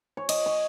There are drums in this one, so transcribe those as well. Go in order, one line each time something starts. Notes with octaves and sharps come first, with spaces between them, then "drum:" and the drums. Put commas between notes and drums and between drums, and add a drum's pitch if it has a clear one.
C#5
D#5, drum: cymbal
C#5